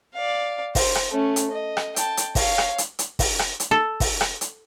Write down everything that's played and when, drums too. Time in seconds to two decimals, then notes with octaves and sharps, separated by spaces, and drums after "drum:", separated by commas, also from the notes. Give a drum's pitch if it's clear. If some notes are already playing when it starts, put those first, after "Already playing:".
0.14 D5 F5
0.75 C5, drum: kick, open hi-hat
0.95 drum: rim click
1.11 A3 C#4
1.36 drum: hi-hat
1.51 D#5
1.77 drum: rim click
1.96 G5 A5, drum: hi-hat
2.17 drum: hi-hat
2.35 C#5 F5, drum: kick, open hi-hat
2.58 drum: rim click
2.78 drum: hi-hat
2.99 drum: hi-hat
3.19 drum: kick, open hi-hat
3.39 drum: rim click
3.60 drum: hi-hat
3.71 A4
4.00 drum: kick, open hi-hat
4.21 drum: rim click
4.41 drum: hi-hat